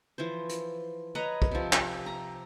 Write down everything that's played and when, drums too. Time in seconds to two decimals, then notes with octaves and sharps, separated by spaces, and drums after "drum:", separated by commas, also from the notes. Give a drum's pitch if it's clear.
0.18 E3 F3 C5
0.49 drum: hi-hat
1.15 B4 C#5 D#5 A#5
1.42 drum: kick
1.51 C3 F3
1.73 drum: clap
2.06 A#5